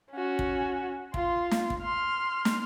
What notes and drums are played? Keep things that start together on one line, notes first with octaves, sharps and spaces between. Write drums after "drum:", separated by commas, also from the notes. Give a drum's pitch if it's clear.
C#4 F#4
drum: kick
F4 C6, drum: kick
drum: snare
drum: kick
C6 F6
drum: snare